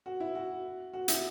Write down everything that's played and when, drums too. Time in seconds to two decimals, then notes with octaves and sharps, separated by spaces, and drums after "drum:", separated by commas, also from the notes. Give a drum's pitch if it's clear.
0.06 F#4
0.20 E4
0.35 F#4
0.93 F#4
1.08 E4, drum: hi-hat